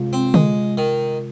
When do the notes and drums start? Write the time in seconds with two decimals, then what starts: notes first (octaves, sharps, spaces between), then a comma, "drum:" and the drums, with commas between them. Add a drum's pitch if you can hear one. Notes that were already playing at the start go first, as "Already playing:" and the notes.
Already playing: C3 G#3 F4
0.13 C4
0.34 G#3, drum: tom D3
0.77 D#3